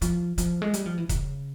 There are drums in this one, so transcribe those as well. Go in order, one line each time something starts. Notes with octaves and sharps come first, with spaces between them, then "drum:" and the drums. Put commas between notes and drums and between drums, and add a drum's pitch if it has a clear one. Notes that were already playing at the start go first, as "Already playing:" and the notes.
F3, drum: hi-hat
F3, drum: hi-hat
G#3
G3, drum: hi-hat
F3
E3
C#3, drum: kick E1, hi-hat